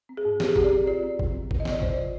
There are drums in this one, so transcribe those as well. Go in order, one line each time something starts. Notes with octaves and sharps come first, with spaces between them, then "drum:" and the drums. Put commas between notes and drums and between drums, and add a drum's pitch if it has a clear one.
C4
G#4
G#2
G#2 G4, drum: snare
G#4
C4 G4, drum: kick G1
D5
C4
F4 D5
C4
F3, drum: kick G1
C4
C3, drum: kick G1
D#5
C3, drum: snare
D5
C3 C5, drum: kick G1
F4 D5